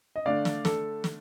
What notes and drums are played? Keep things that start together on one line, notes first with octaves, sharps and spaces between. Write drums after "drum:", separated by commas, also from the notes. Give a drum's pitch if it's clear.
D#5
D3 A3 D4 D5 F5
drum: snare
A4, drum: snare
drum: snare